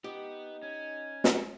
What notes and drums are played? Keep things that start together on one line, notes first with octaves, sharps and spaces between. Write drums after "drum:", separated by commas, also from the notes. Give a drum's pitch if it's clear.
B3 D#4 G4
C#4 G#5
drum: snare